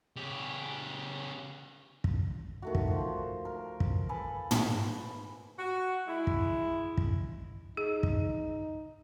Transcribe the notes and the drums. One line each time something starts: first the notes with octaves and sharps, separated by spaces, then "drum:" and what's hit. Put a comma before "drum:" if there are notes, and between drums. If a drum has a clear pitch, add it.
C#3 G4
drum: kick
D#3 A3 F#4
drum: kick
F3 C5
A#4
drum: kick
A4 B4 G#5 A5
drum: tom
F#4
G#3 E4
drum: kick
drum: kick
D#4 G#4
drum: kick